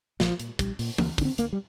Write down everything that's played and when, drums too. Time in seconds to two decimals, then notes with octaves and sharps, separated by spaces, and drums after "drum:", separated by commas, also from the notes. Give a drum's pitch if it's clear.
0.20 A#1 F3, drum: snare
0.40 A#2, drum: hi-hat
0.59 A#1 G3, drum: kick, hi-hat
0.79 A#2, drum: open hi-hat
0.98 D2 A#3, drum: tom E3
1.18 D3 D4, drum: kick, open hi-hat
1.25 C4
1.38 D2 A#3, drum: hi-hat
1.53 G3